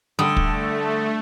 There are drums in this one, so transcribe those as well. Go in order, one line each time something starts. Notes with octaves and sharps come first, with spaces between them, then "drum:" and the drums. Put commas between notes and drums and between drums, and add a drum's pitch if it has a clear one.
D3 G3 A3 D#6
drum: kick